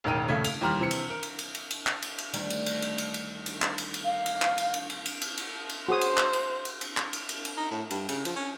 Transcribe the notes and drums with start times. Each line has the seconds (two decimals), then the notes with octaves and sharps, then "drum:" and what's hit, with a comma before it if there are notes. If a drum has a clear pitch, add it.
0.04 E1 A1 D#3 A#4 G5 D#7
0.28 D#1 G2 C#3 A3 G#6
0.44 F7, drum: cymbal
0.61 D#2 E3 G3 A#5 C6 F6
0.79 C3 E3 C4 C#7
0.91 drum: cymbal
1.10 A#4
1.23 drum: cymbal
1.39 drum: cymbal
1.55 drum: cymbal
1.71 drum: cymbal
1.86 drum: clap
2.02 drum: cymbal
2.18 drum: cymbal
2.33 D2 D#3 G3, drum: cymbal
2.50 drum: cymbal
2.66 drum: cymbal
2.82 drum: cymbal
2.98 drum: cymbal
3.14 drum: cymbal
3.46 drum: cymbal
3.62 drum: clap
3.78 drum: cymbal
3.94 drum: cymbal
4.06 F5
4.26 drum: cymbal
4.42 drum: clap
4.58 drum: cymbal
4.74 drum: cymbal
4.90 drum: cymbal
5.06 drum: cymbal
5.22 drum: cymbal
5.37 drum: cymbal
5.69 drum: cymbal
5.88 F#4 G#4 C5 D#6
6.01 drum: cymbal
6.17 drum: clap
6.33 drum: cymbal
6.65 drum: cymbal
6.81 drum: cymbal
6.97 drum: clap
7.13 drum: cymbal
7.29 drum: cymbal
7.45 drum: cymbal
7.57 D#4
7.71 A2
7.91 G2, drum: cymbal
8.09 C#3, drum: cymbal
8.25 F3, drum: cymbal
8.36 C#4